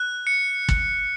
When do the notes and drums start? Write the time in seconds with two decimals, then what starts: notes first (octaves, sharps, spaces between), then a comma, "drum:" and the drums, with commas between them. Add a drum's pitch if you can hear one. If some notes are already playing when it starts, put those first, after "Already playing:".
Already playing: F#6
0.27 C#7
0.69 drum: kick